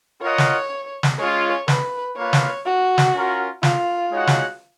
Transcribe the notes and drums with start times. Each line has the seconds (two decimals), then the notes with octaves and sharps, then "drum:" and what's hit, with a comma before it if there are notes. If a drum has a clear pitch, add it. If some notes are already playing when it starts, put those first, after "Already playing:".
0.22 F4 A#4 C#5 D#5 F#5
0.38 drum: snare
1.03 drum: snare
1.19 G#3 C#4 F4 C#5
1.68 B4, drum: snare
2.16 A#3 F4 B4 C#5 F5
2.33 drum: snare
2.65 F#4
2.98 drum: snare
3.14 C#4 F4 A#4
3.63 F4, drum: snare
4.11 G#3 D#4 F#4 C#5 F#5
4.27 drum: snare